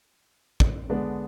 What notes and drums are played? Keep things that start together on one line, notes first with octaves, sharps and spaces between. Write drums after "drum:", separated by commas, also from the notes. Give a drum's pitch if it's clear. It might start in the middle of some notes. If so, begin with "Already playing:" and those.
drum: kick
D3 G#3 B3 D4